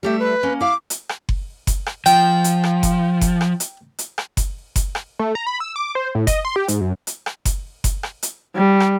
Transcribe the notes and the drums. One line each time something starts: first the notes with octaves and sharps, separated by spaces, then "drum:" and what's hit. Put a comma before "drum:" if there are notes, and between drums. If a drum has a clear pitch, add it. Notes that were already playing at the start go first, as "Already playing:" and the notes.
G3 A3 G4 E5
B4
A#3 C#4
E4 F5 D6
drum: hi-hat
drum: rim click
drum: kick F#1
drum: kick F#1, hi-hat
drum: rim click
F3 G5, drum: hi-hat
drum: hi-hat
drum: rim click
drum: kick F#1, hi-hat
drum: kick F#1, hi-hat
drum: rim click
drum: hi-hat
drum: hi-hat
drum: rim click
drum: kick F#1, hi-hat
drum: kick F#1, hi-hat
drum: rim click
A3
A#5
B5
E6
D6
C5
A2
D#5, drum: kick F#1, hi-hat
C6
G4
G#2, drum: hi-hat
F#2
drum: hi-hat
drum: rim click
drum: kick F#1, hi-hat
drum: kick F#1, hi-hat
drum: rim click
drum: hi-hat
G3
drum: rim click